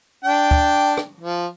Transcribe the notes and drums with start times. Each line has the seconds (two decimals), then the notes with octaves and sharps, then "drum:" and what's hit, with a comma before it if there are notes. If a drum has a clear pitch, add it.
0.24 D4 G5
0.51 drum: kick
0.97 drum: rim click
1.21 F3